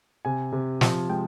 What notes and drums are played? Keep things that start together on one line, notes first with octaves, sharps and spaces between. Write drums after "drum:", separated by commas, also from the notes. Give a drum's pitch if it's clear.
C3 G#5
C3
F3, drum: snare
G#3 G5